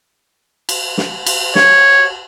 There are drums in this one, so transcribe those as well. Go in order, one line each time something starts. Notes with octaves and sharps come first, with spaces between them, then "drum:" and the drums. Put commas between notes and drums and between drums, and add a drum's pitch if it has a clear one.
drum: cymbal
drum: snare
drum: cymbal
C#5, drum: snare